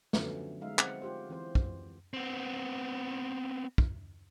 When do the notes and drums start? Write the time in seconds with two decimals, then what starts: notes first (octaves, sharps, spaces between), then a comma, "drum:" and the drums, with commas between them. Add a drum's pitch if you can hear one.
0.13 D3 F3 F#3 A3 B3 C#4, drum: snare
0.61 G#3 D#4 E5 F5
0.79 C4 F#5, drum: clap
1.02 F4 G4 C5
1.30 E3 C4 C5
1.55 drum: kick
2.14 B3 C4
3.78 drum: kick